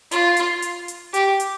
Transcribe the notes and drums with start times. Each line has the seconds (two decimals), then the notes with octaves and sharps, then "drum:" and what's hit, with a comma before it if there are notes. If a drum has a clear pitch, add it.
0.11 F4, drum: hi-hat
0.37 drum: hi-hat
0.62 drum: hi-hat
0.88 drum: hi-hat
1.14 G4, drum: hi-hat
1.40 drum: hi-hat